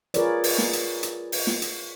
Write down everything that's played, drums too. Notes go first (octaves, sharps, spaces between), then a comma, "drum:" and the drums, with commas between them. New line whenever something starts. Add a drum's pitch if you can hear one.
F4 G#4 A#4 B4 C#5 D5, drum: hi-hat
drum: open hi-hat
drum: snare
drum: hi-hat
drum: hi-hat
drum: open hi-hat
drum: snare
drum: hi-hat